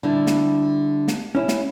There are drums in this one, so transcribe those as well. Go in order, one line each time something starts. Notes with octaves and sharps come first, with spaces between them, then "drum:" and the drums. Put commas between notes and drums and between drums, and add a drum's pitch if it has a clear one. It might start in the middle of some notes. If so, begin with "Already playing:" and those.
D3 G3 E4
drum: snare
drum: snare
C#4 E4
drum: snare